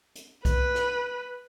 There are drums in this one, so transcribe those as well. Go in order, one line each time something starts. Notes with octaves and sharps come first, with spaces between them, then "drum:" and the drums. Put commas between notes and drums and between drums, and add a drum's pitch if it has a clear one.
drum: hi-hat
B4, drum: kick B1, hi-hat
drum: rim click